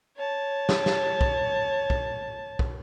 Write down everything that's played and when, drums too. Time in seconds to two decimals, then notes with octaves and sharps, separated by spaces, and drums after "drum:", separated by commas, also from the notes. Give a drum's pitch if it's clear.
0.17 C#5 A5
0.69 drum: snare
0.86 drum: snare
1.21 drum: kick
1.90 drum: kick
2.59 drum: kick